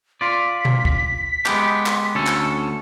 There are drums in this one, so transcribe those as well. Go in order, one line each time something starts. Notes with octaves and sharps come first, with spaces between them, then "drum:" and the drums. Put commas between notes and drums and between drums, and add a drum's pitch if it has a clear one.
F4 D5 B6
drum: tom B2
drum: kick
G#3 B3 G4, drum: clap
drum: clap
D2 C#4 A4
drum: clap